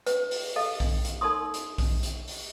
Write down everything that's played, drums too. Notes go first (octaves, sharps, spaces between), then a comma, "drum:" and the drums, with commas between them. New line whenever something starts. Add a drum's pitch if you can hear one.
B4, drum: hi-hat
drum: open hi-hat
A4 D#5 F5
drum: kick B1, open hi-hat
drum: hi-hat
D#4 A4 A#4 C6 D#6
drum: hi-hat
drum: kick B1, open hi-hat
drum: hi-hat
drum: open hi-hat